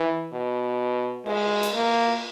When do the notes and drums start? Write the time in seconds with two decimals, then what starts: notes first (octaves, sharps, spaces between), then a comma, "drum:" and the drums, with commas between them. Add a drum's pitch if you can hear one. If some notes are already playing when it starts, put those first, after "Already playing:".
Already playing: E3
0.33 B2
1.26 G#3, drum: cymbal
1.63 drum: hi-hat
1.73 A#3